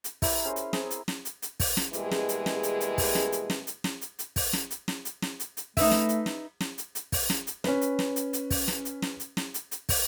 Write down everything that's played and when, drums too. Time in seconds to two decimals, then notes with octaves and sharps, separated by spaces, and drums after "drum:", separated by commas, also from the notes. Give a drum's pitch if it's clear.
0.04 drum: hi-hat
0.22 E4 G4 E5 A#5, drum: kick, open hi-hat
0.45 C#4 G#4 A#4 C5
0.56 drum: hi-hat
0.73 C4 G#4, drum: snare
0.91 drum: hi-hat
1.08 drum: snare
1.25 drum: hi-hat
1.42 drum: hi-hat
1.60 drum: kick, open hi-hat
1.77 drum: snare
1.93 B2 E3 G3 G#3 A#3 G#4, drum: hi-hat
2.11 drum: snare
2.29 drum: hi-hat
2.46 drum: snare
2.63 drum: hi-hat
2.81 drum: hi-hat
2.98 drum: kick, open hi-hat
3.15 drum: snare
3.32 drum: hi-hat
3.50 drum: snare
3.67 drum: hi-hat
3.84 drum: snare
4.01 drum: hi-hat
4.19 drum: hi-hat
4.36 drum: kick, open hi-hat
4.53 drum: snare
4.70 drum: hi-hat
4.88 drum: snare
5.05 drum: hi-hat
5.22 drum: snare
5.40 drum: hi-hat
5.57 drum: hi-hat
5.77 A3 D#4 B4 E5, drum: kick, open hi-hat
5.91 drum: snare
6.09 drum: hi-hat
6.26 drum: snare
6.60 drum: snare
6.78 drum: hi-hat
6.95 drum: hi-hat
7.12 drum: kick, open hi-hat
7.30 drum: snare
7.47 drum: hi-hat
7.64 C#4 B4, drum: snare
7.81 drum: hi-hat
7.99 drum: snare
8.16 drum: hi-hat
8.33 drum: hi-hat
8.50 drum: kick, open hi-hat
8.68 drum: snare
8.85 drum: hi-hat
9.02 drum: snare
9.20 drum: hi-hat
9.37 drum: snare
9.54 drum: hi-hat
9.71 drum: hi-hat
9.89 drum: kick, open hi-hat